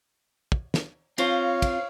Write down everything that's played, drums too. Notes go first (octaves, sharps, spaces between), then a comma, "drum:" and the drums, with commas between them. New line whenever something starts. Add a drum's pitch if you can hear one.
drum: kick
drum: snare
C4 F4 C5 C#5 F5, drum: cymbal
drum: kick, cymbal